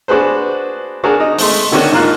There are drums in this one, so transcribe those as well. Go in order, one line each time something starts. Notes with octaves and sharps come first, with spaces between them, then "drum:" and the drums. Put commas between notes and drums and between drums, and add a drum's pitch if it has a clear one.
D4 F#4 G#4 B4 C5
D4 F#4 G#4 A#4
D#4
G#3 A3 C6, drum: open hi-hat
D3 D#3 C#4 D4 F#4
G#2 A#3 F4 F#6